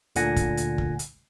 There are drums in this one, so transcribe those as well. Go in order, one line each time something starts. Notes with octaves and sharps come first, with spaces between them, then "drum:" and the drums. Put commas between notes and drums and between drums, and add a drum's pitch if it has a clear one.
D2 A#2 D3 F#5 G#5 A#6, drum: hi-hat
drum: kick, hi-hat
drum: hi-hat
drum: kick
drum: hi-hat